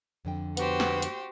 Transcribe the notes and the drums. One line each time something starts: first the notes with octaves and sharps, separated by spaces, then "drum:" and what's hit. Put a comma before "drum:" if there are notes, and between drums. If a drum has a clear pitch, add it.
F2 D3 G5
B3 F#4 G4 C5, drum: hi-hat
drum: snare
drum: hi-hat